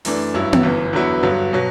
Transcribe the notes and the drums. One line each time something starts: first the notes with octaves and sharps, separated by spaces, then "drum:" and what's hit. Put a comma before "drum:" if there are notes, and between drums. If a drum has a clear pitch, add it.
F#2 E3 A3 D4, drum: open hi-hat
G2 F#3 C#4 E4
drum: tom B3
G1 F#2 E3
E2 D3 F#3 B3 E4
G2 D3 F#3
B2 F#3